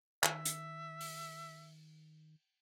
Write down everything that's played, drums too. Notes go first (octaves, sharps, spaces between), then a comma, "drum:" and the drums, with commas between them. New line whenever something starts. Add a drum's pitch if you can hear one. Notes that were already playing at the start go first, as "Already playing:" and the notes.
D#3 E5, drum: clap
drum: hi-hat
drum: open hi-hat